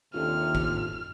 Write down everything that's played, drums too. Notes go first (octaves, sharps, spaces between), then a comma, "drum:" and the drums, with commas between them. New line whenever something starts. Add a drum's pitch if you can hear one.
D#2 C3 C#4 D4 F4 A4 F6
drum: kick